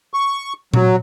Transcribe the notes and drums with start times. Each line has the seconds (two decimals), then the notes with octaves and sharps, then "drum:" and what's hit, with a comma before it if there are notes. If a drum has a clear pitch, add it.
0.14 C#6
0.74 F#3, drum: tom A#2